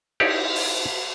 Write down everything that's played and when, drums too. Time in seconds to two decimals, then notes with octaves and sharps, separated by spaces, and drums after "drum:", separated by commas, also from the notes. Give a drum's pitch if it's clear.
0.20 D#4 E4 G4 C#5 D5, drum: cymbal
0.56 drum: open hi-hat